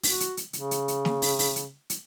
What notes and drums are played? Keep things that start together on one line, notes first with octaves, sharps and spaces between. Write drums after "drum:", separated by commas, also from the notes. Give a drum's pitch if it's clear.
F#4, drum: open hi-hat
drum: hi-hat
drum: hi-hat
C#3, drum: hi-hat
drum: hi-hat
drum: hi-hat
drum: snare
drum: open hi-hat
drum: open hi-hat
drum: hi-hat
drum: hi-hat